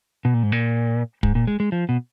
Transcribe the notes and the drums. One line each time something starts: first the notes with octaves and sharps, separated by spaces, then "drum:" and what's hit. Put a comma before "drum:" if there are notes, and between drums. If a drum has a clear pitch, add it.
B2
A#2
G#2
A#2
G#2, drum: kick
A#2
G#3
G#3
F3
B2